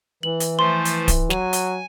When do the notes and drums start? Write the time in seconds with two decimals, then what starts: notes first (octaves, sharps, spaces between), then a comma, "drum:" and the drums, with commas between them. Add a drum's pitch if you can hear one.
0.23 E3 F#7
0.40 drum: hi-hat
0.59 F3 A3 C5 C6
0.85 drum: hi-hat
1.08 drum: kick D1, hi-hat
1.30 F#3 G#5, drum: snare
1.53 drum: hi-hat